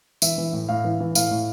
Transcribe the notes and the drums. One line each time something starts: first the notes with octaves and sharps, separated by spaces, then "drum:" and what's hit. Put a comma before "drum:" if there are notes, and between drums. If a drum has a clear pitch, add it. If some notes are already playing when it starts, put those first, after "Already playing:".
E3 E5, drum: tambourine
E3
A2
A2 F5
E3
E3
A2 F5, drum: tambourine
A2